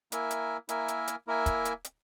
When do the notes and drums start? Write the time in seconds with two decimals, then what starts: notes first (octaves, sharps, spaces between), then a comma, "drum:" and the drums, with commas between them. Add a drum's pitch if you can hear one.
0.12 A#3 E4 A#4 E5 G#5, drum: hi-hat
0.31 drum: hi-hat
0.69 A#3 E4 A#4 E5 G#5, drum: hi-hat
0.88 drum: hi-hat
1.08 drum: hi-hat
1.27 A#3 E4 A#4 E5 G#5
1.46 drum: kick, hi-hat
1.65 drum: hi-hat
1.84 drum: hi-hat